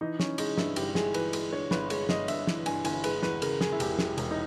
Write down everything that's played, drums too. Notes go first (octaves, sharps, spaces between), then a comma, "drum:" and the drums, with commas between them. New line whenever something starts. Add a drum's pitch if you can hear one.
E3 D#4
E3 C#4, drum: snare
G#3 D#4, drum: cymbal
G2 E4, drum: snare
G1 G4, drum: cymbal
G#3 G#4, drum: snare
E3 B4, drum: cymbal
G#3, drum: cymbal
G2 C#5
G1 B4, drum: snare
G#3 C#5, drum: cymbal
G1 D#5, drum: snare
G2 E5, drum: cymbal
E3, drum: snare
G2 G#5, drum: cymbal
G1 G#5, drum: cymbal
G#3 B4, drum: cymbal
E2 B4, drum: snare
C#3 A#4, drum: cymbal
C#3 G#4, drum: snare
E4
E1 G4, drum: cymbal
G#3, drum: snare
G4
E1, drum: cymbal
D#4